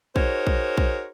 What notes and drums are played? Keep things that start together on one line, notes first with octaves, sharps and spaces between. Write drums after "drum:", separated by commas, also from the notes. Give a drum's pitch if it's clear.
D#4 F#4 G#4 A#4 C5 C#5, drum: kick A#1
drum: kick A#1
drum: kick A#1